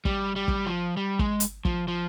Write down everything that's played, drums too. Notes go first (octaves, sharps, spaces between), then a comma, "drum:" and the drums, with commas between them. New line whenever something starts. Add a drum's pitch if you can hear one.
G3, drum: kick
G3
drum: kick
F3
G3
G#3, drum: kick
drum: hi-hat
F3, drum: kick
F3